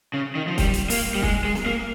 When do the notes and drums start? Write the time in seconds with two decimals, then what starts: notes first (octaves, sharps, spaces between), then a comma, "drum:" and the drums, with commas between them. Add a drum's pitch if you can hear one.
0.14 C#3
0.35 D#3
0.47 F3
0.58 G3, drum: kick, hi-hat
0.74 drum: hi-hat
0.90 A#3, drum: open hi-hat
1.15 G3
1.23 G#3, drum: kick
1.45 G#3
1.55 drum: snare
1.66 A#3